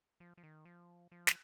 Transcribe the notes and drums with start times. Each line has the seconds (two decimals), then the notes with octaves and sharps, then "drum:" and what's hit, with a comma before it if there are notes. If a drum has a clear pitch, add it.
0.20 F3
0.38 F3
0.43 D#3
0.65 F3
1.12 F3
1.27 drum: snare